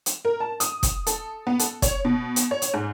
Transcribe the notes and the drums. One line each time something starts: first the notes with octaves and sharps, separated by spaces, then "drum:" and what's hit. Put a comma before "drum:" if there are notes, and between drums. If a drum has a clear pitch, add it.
drum: hi-hat
A#4
A5
D#6, drum: hi-hat
drum: kick, hi-hat
A4, drum: hi-hat
B3
A4, drum: hi-hat
C#5, drum: kick, hi-hat
B2
drum: hi-hat
C#5
drum: hi-hat
G#2